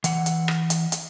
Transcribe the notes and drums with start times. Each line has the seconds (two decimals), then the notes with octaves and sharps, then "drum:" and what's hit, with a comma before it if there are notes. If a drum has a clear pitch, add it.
0.04 E3 F#5, drum: hi-hat
0.26 drum: hi-hat
0.48 drum: rim click
0.70 drum: hi-hat
0.92 drum: hi-hat